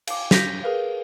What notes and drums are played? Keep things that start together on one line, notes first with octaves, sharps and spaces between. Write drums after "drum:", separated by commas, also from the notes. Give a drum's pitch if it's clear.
F5 D6, drum: cymbal
G6 A#6 B6 F7, drum: snare
G#4 A#4 B4 F5